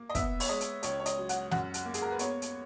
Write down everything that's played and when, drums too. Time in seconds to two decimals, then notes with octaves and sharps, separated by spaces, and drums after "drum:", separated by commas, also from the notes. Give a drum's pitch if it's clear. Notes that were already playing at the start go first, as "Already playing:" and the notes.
Already playing: A#3
0.09 D#5
0.15 B3 E5, drum: kick, hi-hat
0.40 C#5, drum: open hi-hat
0.49 G#3 D#5
0.61 drum: hi-hat
0.83 C#2 C#5, drum: hi-hat
1.00 C#5
1.06 D#5, drum: hi-hat
1.18 F#3
1.29 F#5, drum: hi-hat
1.51 F#2 F#5, drum: snare
1.74 drum: hi-hat
1.85 A#3
1.94 G#4, drum: hi-hat
2.02 A#4
2.11 B4
2.19 B3 C#5, drum: hi-hat
2.42 drum: hi-hat